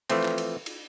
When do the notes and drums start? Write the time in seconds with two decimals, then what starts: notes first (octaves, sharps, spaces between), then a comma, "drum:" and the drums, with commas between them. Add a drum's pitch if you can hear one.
0.10 E3 F3 A3 C4, drum: cymbal
0.24 drum: clap
0.38 drum: cymbal
0.66 drum: cymbal